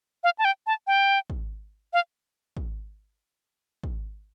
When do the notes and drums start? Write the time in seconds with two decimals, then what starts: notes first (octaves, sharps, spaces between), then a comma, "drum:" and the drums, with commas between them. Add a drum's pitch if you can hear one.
0.24 F5
0.39 A5
0.45 G5
0.67 A5
0.87 G5
1.30 drum: kick
1.93 F5
2.57 drum: kick
3.83 drum: kick